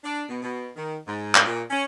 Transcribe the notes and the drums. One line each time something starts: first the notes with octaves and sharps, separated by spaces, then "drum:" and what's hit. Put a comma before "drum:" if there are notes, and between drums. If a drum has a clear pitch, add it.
D4
B2
B2
D#3
G#2
drum: clap
A#2
C#4